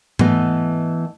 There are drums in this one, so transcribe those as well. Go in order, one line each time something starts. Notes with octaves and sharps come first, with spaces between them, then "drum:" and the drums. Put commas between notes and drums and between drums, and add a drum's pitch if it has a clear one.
E3 A3 B3 D#5, drum: tom G#2